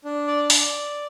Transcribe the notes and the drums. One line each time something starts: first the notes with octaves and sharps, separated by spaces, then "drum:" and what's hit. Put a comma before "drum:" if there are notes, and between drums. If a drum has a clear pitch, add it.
D4
D5
D5, drum: open hi-hat